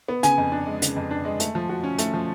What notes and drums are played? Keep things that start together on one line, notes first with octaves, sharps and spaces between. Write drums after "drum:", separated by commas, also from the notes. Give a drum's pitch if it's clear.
B3
C#3 G#5, drum: hi-hat
F2
D4
G#3
C#3, drum: hi-hat
F2
D4
G#3
A3, drum: hi-hat
F3
F#4
C#4
A3, drum: hi-hat
F3